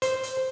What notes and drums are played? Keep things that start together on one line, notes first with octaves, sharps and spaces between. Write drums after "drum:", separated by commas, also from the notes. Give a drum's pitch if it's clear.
C5, drum: hi-hat
drum: hi-hat